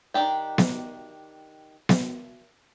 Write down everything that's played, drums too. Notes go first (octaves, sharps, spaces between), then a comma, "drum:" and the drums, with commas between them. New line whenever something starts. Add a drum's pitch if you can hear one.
D#3 F#3 D4 G4 G5
drum: snare B3
drum: snare B3